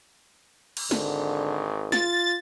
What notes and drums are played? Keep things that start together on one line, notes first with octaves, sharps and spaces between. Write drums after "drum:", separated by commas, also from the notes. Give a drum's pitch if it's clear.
drum: cymbal
G#1 D3, drum: snare
F4 A6, drum: snare